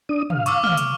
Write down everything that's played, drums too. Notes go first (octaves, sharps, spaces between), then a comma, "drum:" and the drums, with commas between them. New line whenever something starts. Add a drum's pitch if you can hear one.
D4 D#6
F5, drum: tom
C#6 D6 E6, drum: hi-hat
F6, drum: tom
drum: hi-hat